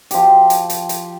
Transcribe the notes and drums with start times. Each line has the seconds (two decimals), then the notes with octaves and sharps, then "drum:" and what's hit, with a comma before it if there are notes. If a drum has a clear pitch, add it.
0.11 F3 G4, drum: hi-hat
0.50 drum: hi-hat
0.70 drum: hi-hat
0.89 drum: hi-hat